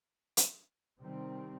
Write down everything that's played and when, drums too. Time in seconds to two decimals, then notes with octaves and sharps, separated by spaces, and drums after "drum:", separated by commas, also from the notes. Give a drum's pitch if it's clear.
0.37 drum: hi-hat
0.99 C3 D#3 G3 C4